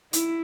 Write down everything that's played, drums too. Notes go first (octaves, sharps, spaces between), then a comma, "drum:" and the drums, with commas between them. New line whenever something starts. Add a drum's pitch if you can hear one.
E4, drum: hi-hat